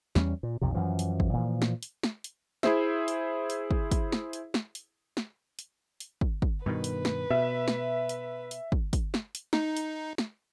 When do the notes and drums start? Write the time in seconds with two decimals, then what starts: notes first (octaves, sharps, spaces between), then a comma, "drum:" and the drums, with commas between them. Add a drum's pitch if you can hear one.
0.15 E2 G3 G#3 C#4, drum: snare
0.43 A#2
0.61 B1 F2 C3
0.74 F#2 E3 F3
0.99 drum: hi-hat
1.20 drum: kick
1.33 A#2 E3 F3
1.62 drum: snare
1.83 drum: hi-hat
2.03 drum: snare
2.24 drum: hi-hat
2.63 E4 G#4 C5 E5, drum: snare
3.08 drum: hi-hat
3.50 drum: hi-hat
3.71 drum: kick
3.91 drum: kick, hi-hat
4.12 drum: snare
4.33 drum: hi-hat
4.54 drum: snare
4.75 drum: hi-hat
5.17 drum: snare
5.59 drum: hi-hat
6.00 drum: hi-hat
6.21 drum: kick
6.42 drum: kick
6.66 G2 B2 D#3 B4
6.84 drum: hi-hat
7.05 drum: snare
7.30 B2 E5
7.68 drum: snare
8.09 drum: hi-hat
8.51 drum: hi-hat
8.72 drum: kick
8.93 drum: kick, hi-hat
9.14 drum: snare
9.35 drum: hi-hat
9.53 D#4, drum: snare
9.77 drum: hi-hat
10.18 drum: snare